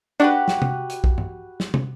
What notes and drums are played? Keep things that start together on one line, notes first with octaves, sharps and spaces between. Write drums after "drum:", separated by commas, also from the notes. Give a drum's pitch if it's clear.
D4 F#4 G4 B4
drum: snare
drum: tom
drum: hi-hat
drum: kick B1
drum: tom
drum: snare
drum: tom